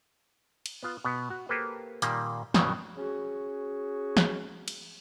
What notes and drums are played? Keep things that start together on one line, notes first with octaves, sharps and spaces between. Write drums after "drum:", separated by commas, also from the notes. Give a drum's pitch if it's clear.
drum: cymbal
B3 F4
B2 B3
F#4
A#3 G4 A4 B4 C5
A#2 D#3 G3 A#3, drum: hi-hat
G2 B2 D#3 E3 F#3, drum: snare
C#4 F#4 G#4
drum: snare
drum: cymbal